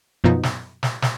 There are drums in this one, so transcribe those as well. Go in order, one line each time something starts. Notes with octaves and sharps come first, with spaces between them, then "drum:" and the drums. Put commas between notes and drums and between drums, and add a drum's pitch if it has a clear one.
F#2 B2 F3 D#4
drum: snare
drum: snare
drum: snare